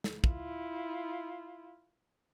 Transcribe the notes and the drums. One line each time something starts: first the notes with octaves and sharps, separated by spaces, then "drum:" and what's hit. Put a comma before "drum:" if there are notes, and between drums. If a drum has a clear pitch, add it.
drum: snare
E4 F4, drum: kick